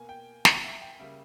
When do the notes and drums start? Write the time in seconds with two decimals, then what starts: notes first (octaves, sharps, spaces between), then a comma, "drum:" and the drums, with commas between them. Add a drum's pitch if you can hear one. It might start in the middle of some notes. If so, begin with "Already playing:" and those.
Already playing: B2 A#3 G#5
0.09 G5
0.45 drum: snare
0.64 E5
0.82 G5
0.99 C#3 G3 A#3 E5